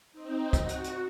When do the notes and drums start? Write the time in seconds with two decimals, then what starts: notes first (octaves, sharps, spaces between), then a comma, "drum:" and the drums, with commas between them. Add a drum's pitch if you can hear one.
0.13 C4 D#4
0.53 F#4, drum: kick, hi-hat
0.69 drum: hi-hat
0.84 drum: hi-hat